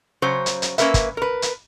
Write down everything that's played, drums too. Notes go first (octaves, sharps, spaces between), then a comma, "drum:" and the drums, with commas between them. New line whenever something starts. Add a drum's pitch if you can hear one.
C#3 F#3 C5 C#5
drum: hi-hat
drum: hi-hat
A#3 C#4 A#4 B4 E5, drum: hi-hat
drum: kick, hi-hat
A#4 B4
drum: hi-hat